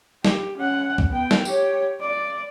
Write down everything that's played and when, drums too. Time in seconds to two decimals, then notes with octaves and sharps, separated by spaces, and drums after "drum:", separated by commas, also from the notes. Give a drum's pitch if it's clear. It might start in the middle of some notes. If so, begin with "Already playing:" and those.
0.25 G4, drum: snare
0.57 C#4 F#5
0.98 drum: kick
1.09 B3 G5
1.31 drum: snare
1.45 G4 C#5, drum: tambourine
2.01 D5